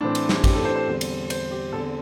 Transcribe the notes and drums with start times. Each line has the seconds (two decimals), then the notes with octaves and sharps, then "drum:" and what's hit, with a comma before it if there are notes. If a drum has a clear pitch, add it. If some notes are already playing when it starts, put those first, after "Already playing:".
0.01 A2 E3 C4 D4
0.15 drum: cymbal
0.29 drum: snare
0.44 G4, drum: kick, cymbal
0.55 A4
0.65 C5
0.76 C5
0.87 E2 D3 G3 C4
1.01 drum: cymbal
1.30 C5, drum: cymbal
1.51 G4
1.72 E2 D3 C4 A4